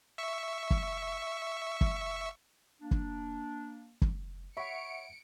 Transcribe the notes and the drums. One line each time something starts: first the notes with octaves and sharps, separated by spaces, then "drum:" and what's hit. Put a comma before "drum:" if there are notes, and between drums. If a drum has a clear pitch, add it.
E5 C#6
drum: kick
drum: kick
A#3 D4
drum: kick
drum: kick
C#5 E5 F#5 B5 C#7 D7